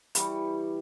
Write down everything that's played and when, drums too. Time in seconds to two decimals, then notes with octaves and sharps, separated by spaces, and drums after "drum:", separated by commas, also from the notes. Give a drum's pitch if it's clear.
0.15 E3 G3 C#6, drum: hi-hat